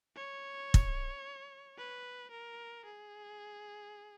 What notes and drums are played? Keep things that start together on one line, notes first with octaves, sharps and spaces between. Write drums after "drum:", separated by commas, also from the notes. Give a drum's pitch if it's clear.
C#5
drum: kick
B4
A#4
G#4